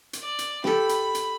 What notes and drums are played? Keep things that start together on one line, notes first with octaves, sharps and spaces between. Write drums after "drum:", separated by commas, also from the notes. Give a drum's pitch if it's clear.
drum: hi-hat
D5
drum: hi-hat
G4 A4 B5, drum: snare
drum: hi-hat
drum: hi-hat